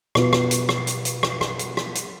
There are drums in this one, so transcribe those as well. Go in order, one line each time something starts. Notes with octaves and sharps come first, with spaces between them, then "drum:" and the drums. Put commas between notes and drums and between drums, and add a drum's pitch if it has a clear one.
B2 B3 F4, drum: rim click
drum: rim click
drum: hi-hat
drum: rim click
drum: hi-hat
drum: hi-hat
drum: rim click
drum: rim click
drum: hi-hat
drum: rim click
drum: hi-hat